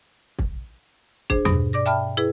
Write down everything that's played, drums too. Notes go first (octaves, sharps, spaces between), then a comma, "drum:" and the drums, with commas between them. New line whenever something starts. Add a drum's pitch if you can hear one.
drum: kick
D4 G#4 C5, drum: kick
G2 B2, drum: tom E2
D5 D6 A#6
E5 G5 A5 B5 F6
E4 G#4 B4